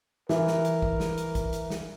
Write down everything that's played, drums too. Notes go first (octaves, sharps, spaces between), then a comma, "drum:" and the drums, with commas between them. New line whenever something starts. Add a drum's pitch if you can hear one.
E3 A#4, drum: snare
drum: snare
drum: hi-hat
drum: kick
drum: snare
drum: hi-hat
drum: kick, hi-hat
drum: hi-hat
drum: snare